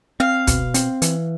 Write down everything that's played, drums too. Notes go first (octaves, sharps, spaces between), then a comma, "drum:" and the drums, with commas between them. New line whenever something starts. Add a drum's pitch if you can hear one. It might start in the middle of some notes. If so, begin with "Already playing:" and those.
C4 F5
B2, drum: kick, hi-hat
C4, drum: hi-hat
E3, drum: hi-hat